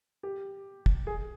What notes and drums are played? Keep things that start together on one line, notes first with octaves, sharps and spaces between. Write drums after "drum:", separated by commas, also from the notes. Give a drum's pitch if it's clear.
G4
drum: kick
G#4